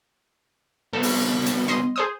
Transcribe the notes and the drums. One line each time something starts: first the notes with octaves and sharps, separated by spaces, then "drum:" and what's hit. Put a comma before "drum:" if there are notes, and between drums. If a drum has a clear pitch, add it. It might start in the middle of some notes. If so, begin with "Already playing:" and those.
C2 B2 A4
drum: open hi-hat
drum: hi-hat
D#5 C6
G#4 C5 D#6